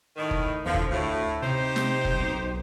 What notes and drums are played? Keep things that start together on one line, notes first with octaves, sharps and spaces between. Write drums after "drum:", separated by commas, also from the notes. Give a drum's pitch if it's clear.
A2 D#3
drum: kick F1
E2 D3 F3
drum: kick F1
D2 A2
C3 D#4 G4 C5
drum: snare
drum: kick F1
B1